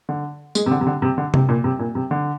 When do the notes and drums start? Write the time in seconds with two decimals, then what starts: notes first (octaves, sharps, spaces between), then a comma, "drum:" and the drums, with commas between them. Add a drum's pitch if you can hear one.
0.09 D3
0.55 G#3, drum: tambourine
0.66 C3
0.71 D3
0.81 C3
0.87 D3
1.02 C3
1.18 D3
1.34 C3, drum: tom C3
1.49 A#2
1.64 C3
1.79 A#2
1.95 C3
2.11 D3